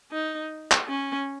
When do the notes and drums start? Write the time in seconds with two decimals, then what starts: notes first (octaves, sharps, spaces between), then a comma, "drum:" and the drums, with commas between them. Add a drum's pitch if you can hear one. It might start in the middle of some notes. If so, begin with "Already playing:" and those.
0.12 D#4
0.72 drum: clap
0.88 C#4